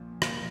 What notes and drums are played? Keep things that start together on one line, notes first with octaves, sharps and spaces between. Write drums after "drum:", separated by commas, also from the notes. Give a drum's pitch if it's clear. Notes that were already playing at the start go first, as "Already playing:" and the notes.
Already playing: A#1 A#2 F3
A#2 F3, drum: rim click